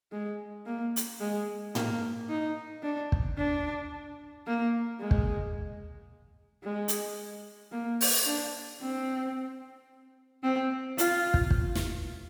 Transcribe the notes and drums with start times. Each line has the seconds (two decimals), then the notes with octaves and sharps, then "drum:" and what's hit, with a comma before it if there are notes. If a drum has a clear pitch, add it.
0.12 G#3
0.66 A#3
0.96 drum: hi-hat
1.20 G#3
1.75 A#3, drum: tom
2.30 D#4
2.83 D4
3.12 drum: kick
3.38 D4
4.47 A#3
5.01 G#3
5.11 drum: kick
6.64 G#3
6.88 drum: hi-hat
7.72 A#3
8.01 drum: open hi-hat
8.26 D4
8.81 C4
10.43 C4
10.98 F4, drum: hi-hat
11.34 drum: kick
11.51 drum: kick
11.75 drum: snare